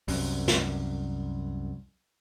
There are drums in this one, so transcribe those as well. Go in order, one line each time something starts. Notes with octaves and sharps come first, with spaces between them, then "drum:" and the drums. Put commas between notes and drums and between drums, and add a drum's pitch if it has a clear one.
C2 F#2, drum: open hi-hat
drum: snare